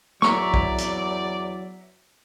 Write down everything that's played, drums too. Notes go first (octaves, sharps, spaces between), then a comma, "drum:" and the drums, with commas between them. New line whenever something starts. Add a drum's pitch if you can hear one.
E2 F#3 D5 E5 A#5 C#6, drum: snare
drum: kick
drum: hi-hat